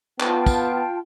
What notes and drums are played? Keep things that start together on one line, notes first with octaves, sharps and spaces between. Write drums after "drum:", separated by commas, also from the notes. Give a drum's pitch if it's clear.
B3 F4 G5 A5, drum: clap
drum: kick, tambourine